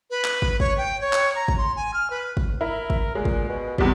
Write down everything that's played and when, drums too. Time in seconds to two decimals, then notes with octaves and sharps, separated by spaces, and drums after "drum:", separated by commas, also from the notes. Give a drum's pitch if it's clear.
0.10 B4
0.24 drum: clap
0.42 drum: kick
0.60 C#5, drum: kick
0.78 G5
1.01 C#5
1.13 drum: clap
1.35 A#5
1.48 drum: kick
1.58 C6
1.76 G#5
1.94 F6
2.10 B4
2.37 drum: kick
2.61 E4 A#4
2.90 drum: kick
3.15 A#2 G#3
3.25 drum: kick
3.49 B2
3.78 E2 C3 G3, drum: kick